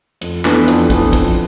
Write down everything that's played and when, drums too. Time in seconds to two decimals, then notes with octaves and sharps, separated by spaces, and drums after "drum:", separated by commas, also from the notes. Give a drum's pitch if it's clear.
0.21 F2, drum: cymbal
0.45 E3 B3 D4 A4, drum: clap
0.68 F2, drum: cymbal
0.90 E3 B3 D4 A4, drum: kick, cymbal
1.13 F2, drum: kick, cymbal